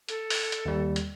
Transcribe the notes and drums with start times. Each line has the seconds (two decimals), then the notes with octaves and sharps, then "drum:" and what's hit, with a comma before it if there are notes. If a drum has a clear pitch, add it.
0.09 A4, drum: hi-hat
0.30 drum: open hi-hat
0.52 drum: hi-hat
0.66 D#2 G3
0.96 drum: hi-hat